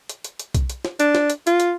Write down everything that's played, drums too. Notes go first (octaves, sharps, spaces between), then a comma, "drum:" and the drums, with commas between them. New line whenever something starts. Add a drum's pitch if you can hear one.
drum: hi-hat
drum: hi-hat
drum: hi-hat
drum: kick B1, hi-hat
drum: hi-hat
drum: snare
D4, drum: hi-hat
drum: snare
drum: hi-hat
F4, drum: hi-hat
drum: hi-hat